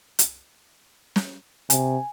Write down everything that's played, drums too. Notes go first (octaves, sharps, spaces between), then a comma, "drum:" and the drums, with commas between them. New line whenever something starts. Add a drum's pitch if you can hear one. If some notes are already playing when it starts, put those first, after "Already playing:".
drum: hi-hat
drum: snare
C3 G#5, drum: hi-hat